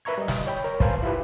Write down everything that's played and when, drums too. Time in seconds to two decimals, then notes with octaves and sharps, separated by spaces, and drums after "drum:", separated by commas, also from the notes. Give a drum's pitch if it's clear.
0.05 A#4 B4 E5 A#5 C#6 G#6
0.18 G3 D#5
0.28 drum: snare
0.47 C#5 G5 B5
0.64 A#4 C#5
0.80 B4 C5 F5 G#5 A5, drum: kick
1.03 E4 F4 G4 B4